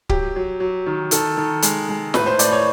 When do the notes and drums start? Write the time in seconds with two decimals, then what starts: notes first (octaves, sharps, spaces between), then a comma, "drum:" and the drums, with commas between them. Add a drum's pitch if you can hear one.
0.09 F#3 G4, drum: kick C#1
0.36 F#3
0.60 F#3
0.86 D#3
1.11 D#3 A4, drum: hi-hat
1.37 D#3
1.62 G#3, drum: hi-hat
1.89 G#3
2.14 A2 B4, drum: snare
2.26 C5
2.39 A2 D5, drum: hi-hat
2.52 C#5